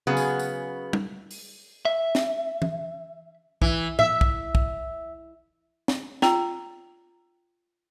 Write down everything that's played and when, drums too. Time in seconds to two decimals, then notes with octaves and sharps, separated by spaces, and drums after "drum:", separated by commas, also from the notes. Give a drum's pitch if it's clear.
0.07 C#3 F#3 B3 G#4
0.17 drum: tambourine
0.39 drum: tambourine
0.93 drum: tom
1.31 drum: open hi-hat
1.85 E5
2.15 drum: snare
2.62 drum: tom
3.62 E3, drum: kick
3.99 E5, drum: tom A2
4.21 drum: kick
4.55 drum: kick
5.88 drum: snare
6.22 F4 G5 A#5, drum: snare